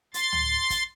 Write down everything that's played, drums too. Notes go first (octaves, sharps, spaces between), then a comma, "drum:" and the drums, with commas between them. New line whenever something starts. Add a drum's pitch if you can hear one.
C6 A6, drum: hi-hat
drum: tom C#2
drum: kick, hi-hat